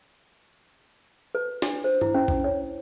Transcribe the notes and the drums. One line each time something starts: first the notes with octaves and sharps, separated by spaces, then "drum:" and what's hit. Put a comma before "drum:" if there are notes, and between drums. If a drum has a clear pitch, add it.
B4
D4, drum: snare
C5
E4, drum: tom G2
C#4
drum: kick
C#5